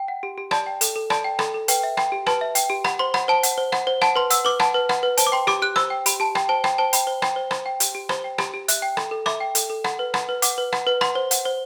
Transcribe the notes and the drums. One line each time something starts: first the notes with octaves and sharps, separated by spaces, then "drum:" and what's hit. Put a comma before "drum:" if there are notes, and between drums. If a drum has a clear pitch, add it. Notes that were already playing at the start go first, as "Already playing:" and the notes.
Already playing: G5
F#5
G4
G4
D5 A5, drum: rim click
G5
A4, drum: hi-hat
A4
D5 A5, drum: rim click
G5
A4, drum: rim click
A4
B4 G5, drum: hi-hat
E5
G5, drum: rim click
G4
B4 A5, drum: rim click
E5
G5, drum: hi-hat
G4
F#5 B5, drum: rim click
C5 C6
F#5 B5, drum: rim click
C5 A5
F#5, drum: hi-hat
C5
F#5, drum: rim click
C5
F#5 A5, drum: rim click
B4 C6
F#5 E6, drum: hi-hat
B4 D6
F#5 A5, drum: rim click
B4
F#5, drum: rim click
B4
C5 A5, drum: hi-hat
D6
G5 C6
G4 D6, drum: rim click
G4 F#6
C5 E6, drum: rim click
G5
G4 B5, drum: hi-hat
G4 A5
G5, drum: rim click
C5 A5
G5, drum: rim click
C5 A5
G5 B5, drum: hi-hat
C5
G5, drum: rim click
C5
C5, drum: rim click
G5
G4, drum: hi-hat
G4
C5, drum: rim click
G5
G4, drum: rim click
G4
E5 F#6, drum: hi-hat
G5
A4, drum: rim click
A4
E5 D6, drum: rim click
G5
A4, drum: hi-hat
A4
F#5, drum: rim click
B4
F#5, drum: rim click
B4
F#5 D6, drum: hi-hat
B4
F#5, drum: rim click
B4
F#5 C6, drum: rim click
C5
F#5, drum: hi-hat
C5